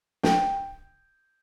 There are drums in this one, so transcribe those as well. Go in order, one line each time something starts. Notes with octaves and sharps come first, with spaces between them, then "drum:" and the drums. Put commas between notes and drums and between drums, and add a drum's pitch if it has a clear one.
G5, drum: snare